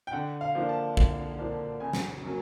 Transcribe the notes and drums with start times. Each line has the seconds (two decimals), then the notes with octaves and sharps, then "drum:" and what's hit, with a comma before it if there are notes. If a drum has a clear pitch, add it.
0.07 G5
0.12 D3 F#5
0.41 F5
0.55 F3 A#3 D4
0.69 A5
0.97 D3, drum: kick G#1
1.39 F3 A#3 D4
1.80 C#3 G#5
1.93 drum: snare
2.23 F#3 A#3 C#4